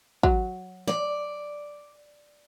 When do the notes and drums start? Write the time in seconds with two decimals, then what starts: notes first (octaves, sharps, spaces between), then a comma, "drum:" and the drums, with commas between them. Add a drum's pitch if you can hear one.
0.23 F#3, drum: kick
0.88 D5, drum: snare